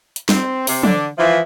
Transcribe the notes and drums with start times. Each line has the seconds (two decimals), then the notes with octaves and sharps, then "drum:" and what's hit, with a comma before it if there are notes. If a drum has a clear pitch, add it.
0.16 drum: hi-hat
0.29 C4, drum: snare
0.67 C3, drum: open hi-hat
0.83 D3 D4, drum: tom
1.18 E3 F3 E5